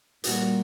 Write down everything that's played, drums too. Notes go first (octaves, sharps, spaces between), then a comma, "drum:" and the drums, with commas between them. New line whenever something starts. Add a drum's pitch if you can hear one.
A#2 G3 A#3 F#4, drum: hi-hat